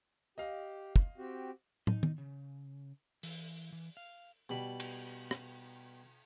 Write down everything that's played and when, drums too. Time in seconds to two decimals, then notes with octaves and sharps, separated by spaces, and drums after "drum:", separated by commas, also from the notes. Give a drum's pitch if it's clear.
0.38 G4 D#5 F5
0.96 drum: kick
1.18 C4 F#4 G4
1.87 D#4, drum: tom
2.03 drum: tom D#3
2.18 C#3
3.23 E3, drum: open hi-hat
3.72 E3
3.97 F5
4.49 B2 G3 B5
4.80 drum: cymbal
5.31 drum: rim click